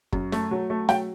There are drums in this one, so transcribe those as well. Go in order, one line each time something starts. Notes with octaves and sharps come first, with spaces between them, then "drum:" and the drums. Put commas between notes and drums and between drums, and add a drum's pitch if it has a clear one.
F#2, drum: kick
A3, drum: snare
F#3
A3
F#3 G5, drum: snare